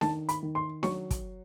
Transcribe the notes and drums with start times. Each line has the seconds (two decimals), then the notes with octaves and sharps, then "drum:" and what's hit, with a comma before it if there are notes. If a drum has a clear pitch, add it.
0.01 D#3 A5, drum: snare D4
0.29 B5, drum: hi-hat
0.43 D#3
0.55 C6
0.83 F#3 C#6, drum: snare D4
1.11 drum: kick, hi-hat